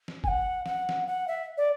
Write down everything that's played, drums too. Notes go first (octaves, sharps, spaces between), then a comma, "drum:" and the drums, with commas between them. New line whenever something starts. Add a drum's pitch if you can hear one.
drum: snare
G#5, drum: kick
F#5
F#5, drum: snare
drum: snare
F#5
E5
D5